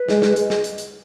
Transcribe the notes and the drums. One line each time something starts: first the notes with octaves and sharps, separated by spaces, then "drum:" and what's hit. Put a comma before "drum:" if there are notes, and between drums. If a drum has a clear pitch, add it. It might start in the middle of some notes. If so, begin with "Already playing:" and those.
Already playing: B4
G#3, drum: snare
drum: snare
G#3, drum: hi-hat
drum: snare
drum: hi-hat
drum: hi-hat